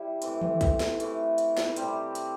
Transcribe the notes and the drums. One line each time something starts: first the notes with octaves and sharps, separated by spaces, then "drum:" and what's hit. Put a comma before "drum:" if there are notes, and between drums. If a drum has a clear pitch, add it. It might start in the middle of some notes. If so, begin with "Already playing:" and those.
Already playing: G3 E4 G4
A2 E3 C4, drum: hi-hat
drum: tom D#3
drum: kick, hi-hat
drum: snare
A2 E3 A3, drum: hi-hat
drum: hi-hat
drum: snare
C3 G3 C4 G4, drum: hi-hat
drum: hi-hat